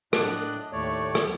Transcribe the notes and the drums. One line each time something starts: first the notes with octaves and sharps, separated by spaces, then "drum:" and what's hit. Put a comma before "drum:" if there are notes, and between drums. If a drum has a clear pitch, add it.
A2 D4 D5 D#5 F#6, drum: rim click
D#2 A2 A3 C#5 D5
drum: rim click